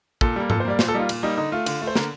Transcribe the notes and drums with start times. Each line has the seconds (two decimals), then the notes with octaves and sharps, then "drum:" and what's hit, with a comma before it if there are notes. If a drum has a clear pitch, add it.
0.21 A#2 A4, drum: kick
0.36 G3 A#3
0.50 A#2 A4, drum: tom G#2
0.60 C5
0.65 G3 A#3 D5
0.79 A#2 C5, drum: snare
0.88 A4
0.94 G3 A#3 D#4 F4
1.09 A#2, drum: cymbal
1.23 G3 A#3 D#4
1.38 D3 D#4
1.52 A3 F4
1.66 D3, drum: cymbal
1.82 A3
1.87 C5
1.95 D3 A#4, drum: snare